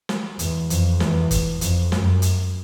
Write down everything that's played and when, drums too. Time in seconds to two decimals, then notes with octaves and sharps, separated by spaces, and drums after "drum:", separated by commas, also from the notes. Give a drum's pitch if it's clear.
0.09 drum: snare
0.39 E2, drum: hi-hat
0.70 F2, drum: hi-hat
1.00 E2, drum: snare
1.31 drum: kick G1, hi-hat
1.61 F2, drum: hi-hat
1.92 F#2, drum: snare
2.22 drum: hi-hat